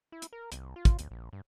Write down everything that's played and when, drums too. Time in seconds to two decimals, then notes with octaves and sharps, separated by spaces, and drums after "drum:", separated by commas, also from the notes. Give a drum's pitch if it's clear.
0.12 E4
0.22 drum: hi-hat
0.33 A#4
0.52 C2, drum: hi-hat
0.76 F4
0.85 drum: kick, hi-hat
0.99 D2, drum: hi-hat
1.11 A#1
1.33 G2